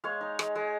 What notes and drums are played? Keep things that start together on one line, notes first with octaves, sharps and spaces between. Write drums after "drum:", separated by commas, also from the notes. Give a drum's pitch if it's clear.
G#3 C#5 F5
D#4
G#3, drum: rim click
G#3